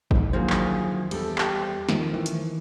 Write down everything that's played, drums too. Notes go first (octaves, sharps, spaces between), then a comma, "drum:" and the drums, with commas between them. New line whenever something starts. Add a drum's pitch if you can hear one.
F1 G#2, drum: kick
D2 D#3 F3 F#3 A#3 G#4 C5
drum: clap
E2 G3 A3 A4, drum: cymbal
G4, drum: clap
D#3 F3 C4, drum: snare
E3 A3
drum: hi-hat